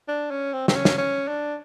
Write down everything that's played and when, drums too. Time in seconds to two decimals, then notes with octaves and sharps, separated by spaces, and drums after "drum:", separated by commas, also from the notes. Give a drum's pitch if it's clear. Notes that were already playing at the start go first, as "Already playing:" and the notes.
0.08 D4
0.31 C#4
0.53 C4
0.68 C4, drum: snare
0.75 C#4
0.85 drum: snare
0.98 C#4
1.28 D4